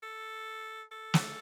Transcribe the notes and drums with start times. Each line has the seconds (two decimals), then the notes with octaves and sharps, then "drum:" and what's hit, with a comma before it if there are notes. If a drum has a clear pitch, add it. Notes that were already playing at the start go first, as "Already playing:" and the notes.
0.03 A4
0.92 A4
1.14 drum: snare